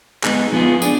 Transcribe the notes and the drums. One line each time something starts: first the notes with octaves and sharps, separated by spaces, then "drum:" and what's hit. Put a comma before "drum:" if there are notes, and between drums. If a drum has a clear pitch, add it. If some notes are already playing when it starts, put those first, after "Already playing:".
G#3 B3 D#4 G#4, drum: clap
F3 B3 F4 G#4
D4 G#4, drum: tambourine